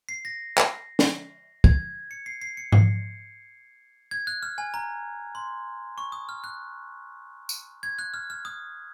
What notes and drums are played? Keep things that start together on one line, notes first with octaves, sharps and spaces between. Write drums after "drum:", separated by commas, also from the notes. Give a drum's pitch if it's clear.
C7
A#6
drum: clap
drum: snare
G#6, drum: kick
C#7
C7
C7
C#7
C7, drum: tom G#2
G#6
F#6
F6
G#5
A#5
C6
C#6
D#6
F6
F#6
drum: tambourine
G#6
F#6
F6
F6
D#6